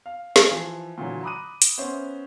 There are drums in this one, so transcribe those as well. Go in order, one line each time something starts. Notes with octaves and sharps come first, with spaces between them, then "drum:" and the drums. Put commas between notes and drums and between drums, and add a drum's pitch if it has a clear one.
F5
drum: snare
E3 F3
A#2 D3 E3 F#3
A#5 B5 D6 D#6 F#6 D#7
drum: hi-hat
B3 C#4 C5 E5